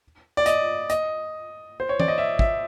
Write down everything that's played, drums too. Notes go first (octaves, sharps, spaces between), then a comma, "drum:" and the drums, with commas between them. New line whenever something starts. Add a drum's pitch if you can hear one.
D5
D#5, drum: hi-hat
D#5, drum: hi-hat
C5
C#5
D5, drum: tom E3
D#5
E5
E5, drum: kick